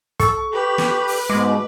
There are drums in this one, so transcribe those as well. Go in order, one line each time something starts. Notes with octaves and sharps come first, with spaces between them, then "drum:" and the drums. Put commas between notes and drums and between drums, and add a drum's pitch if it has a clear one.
A4 C#6, drum: kick, hi-hat
G4 B4
drum: snare
drum: open hi-hat
G#2 B2 G#3 D6